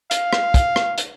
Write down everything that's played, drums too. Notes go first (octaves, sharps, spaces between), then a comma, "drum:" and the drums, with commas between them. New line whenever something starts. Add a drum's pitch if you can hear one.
F5, drum: hi-hat
drum: rim click
drum: kick, hi-hat
drum: rim click
drum: hi-hat